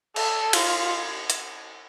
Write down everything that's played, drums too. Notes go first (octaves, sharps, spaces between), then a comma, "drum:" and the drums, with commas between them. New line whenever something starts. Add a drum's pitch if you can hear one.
A4, drum: cymbal
F4, drum: cymbal
drum: hi-hat